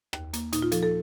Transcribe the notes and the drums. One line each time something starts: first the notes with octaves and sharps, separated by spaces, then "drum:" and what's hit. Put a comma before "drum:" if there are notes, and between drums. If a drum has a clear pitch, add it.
D#2, drum: rim click
A#3, drum: hi-hat
A#2 D#4, drum: hi-hat
F4
F3 A4, drum: hi-hat
A4